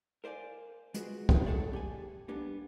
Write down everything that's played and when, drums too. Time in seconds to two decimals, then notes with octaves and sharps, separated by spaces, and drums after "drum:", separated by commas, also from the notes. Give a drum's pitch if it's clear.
0.24 A#4 C5 D5 F5 G#5
0.94 G#3 F4 F#4 G#4 B4, drum: hi-hat
1.29 drum: kick
1.47 G#3 G#4 A4 C#5 D5
1.73 G4 D5 G#5
2.28 G3 A#3 B3 D4